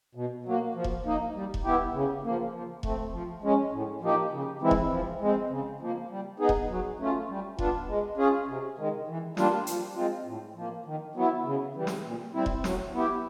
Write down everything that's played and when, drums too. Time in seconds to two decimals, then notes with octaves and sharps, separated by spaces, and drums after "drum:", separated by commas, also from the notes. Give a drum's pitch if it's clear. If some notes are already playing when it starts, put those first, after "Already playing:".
0.15 B2
0.45 F#3 A#3
0.75 F3
0.84 drum: kick E1
1.04 A#3 D#4
1.34 G3
1.54 drum: kick E1
1.64 B3 E4 G4
1.94 C#3
2.24 F3 A#3
2.53 F3
2.83 A3 C4, drum: kick E1
3.13 F3
3.42 G#3 C#4
3.72 A2
4.01 F3 A#3 D#4 G4
4.32 C#3
4.61 E3 G#3 C4 E4
4.71 drum: kick E1
4.91 F3
5.21 G#3 C4
5.50 C#3
5.80 F3 A#3
6.10 G3
6.39 B3 D#4 G#4
6.49 drum: kick E1
6.70 F#3
6.99 A3 C#4 F4
7.29 G3
7.59 B3 D4 F4, drum: kick E1
7.88 G#3
8.17 C#4 F4 G#4
8.48 C3
8.78 D#3 G#3
9.08 E3
9.37 G3 A#3 D4 F4, drum: snare
9.67 F3, drum: hi-hat
9.96 G#3 C4 F4
10.26 A2
10.55 F3 A#3
10.86 D#3
11.15 F#3 B3 E4
11.45 C#3
11.75 E3 G3
11.87 drum: snare
12.04 A#2
12.34 G3 C4 E4
12.46 drum: kick E1
12.64 F#3, drum: snare
12.94 B3 E4 G4